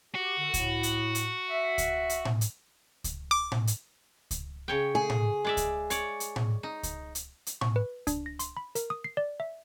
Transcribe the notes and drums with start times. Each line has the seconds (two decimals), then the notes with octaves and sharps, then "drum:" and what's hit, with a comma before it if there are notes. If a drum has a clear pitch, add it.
0.15 F#4 G4
0.38 D3
0.54 A2, drum: kick C#2, hi-hat
0.83 drum: hi-hat
1.15 drum: hi-hat
1.49 E5
1.78 drum: kick C#2, hi-hat
2.09 drum: hi-hat
2.25 drum: tom A2
2.41 drum: hi-hat
3.04 drum: kick C#2, hi-hat
3.31 D6
3.52 drum: tom A2
3.67 drum: hi-hat
4.31 drum: kick C#2, hi-hat
4.68 C#3 C#5 G5
4.95 G#4
5.10 drum: tom A2
5.45 G#3 D5 E5
5.57 drum: kick C#2, hi-hat
5.90 C#5 D5, drum: hi-hat
6.20 drum: hi-hat
6.36 drum: tom A2
6.63 D#4
6.83 drum: kick C#2, hi-hat
7.15 drum: hi-hat
7.46 drum: hi-hat
7.61 C#6, drum: tom A2
7.76 B4
8.07 D4, drum: kick C#2, hi-hat
8.26 A#6
8.39 C6, drum: hi-hat
8.57 B5
8.75 A#4, drum: hi-hat
8.90 D#6
9.04 C7
9.17 D5
9.40 E5